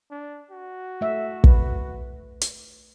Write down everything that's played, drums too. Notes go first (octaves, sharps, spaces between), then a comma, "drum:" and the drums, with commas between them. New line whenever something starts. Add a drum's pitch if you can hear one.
D4
F#4
A3 E5
B4, drum: kick
drum: hi-hat